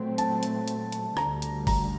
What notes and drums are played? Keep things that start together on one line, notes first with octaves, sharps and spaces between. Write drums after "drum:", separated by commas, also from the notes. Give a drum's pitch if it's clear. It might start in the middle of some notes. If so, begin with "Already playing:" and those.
Already playing: A#2 F#3 A3 C4
A5, drum: hi-hat
drum: hi-hat
drum: hi-hat
drum: hi-hat
D2 D3 G3 A#5, drum: rim click
drum: hi-hat
A#5, drum: kick G1, open hi-hat